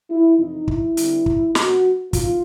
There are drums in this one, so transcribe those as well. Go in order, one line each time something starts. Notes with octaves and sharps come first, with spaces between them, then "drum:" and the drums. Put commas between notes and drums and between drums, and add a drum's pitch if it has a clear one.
E4
F2 C3 E3 D#4
E4, drum: kick
D3 G3 C4, drum: hi-hat
drum: kick
A#2 F#3 A#3 C#4 F#4, drum: snare
C3 D#3 F4, drum: kick, hi-hat